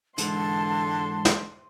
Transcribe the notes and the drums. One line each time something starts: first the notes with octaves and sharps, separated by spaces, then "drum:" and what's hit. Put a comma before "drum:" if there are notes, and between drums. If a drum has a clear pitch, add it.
G#2 D3 E3 G#3 A5 C6, drum: hi-hat
drum: snare